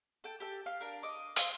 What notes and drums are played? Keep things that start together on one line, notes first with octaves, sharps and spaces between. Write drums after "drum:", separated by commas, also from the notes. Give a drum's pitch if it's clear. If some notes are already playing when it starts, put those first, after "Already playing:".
A4 G5
G4 A4 G5
F5
D4 A#4
D#5 D6
C5 F5 E6, drum: hi-hat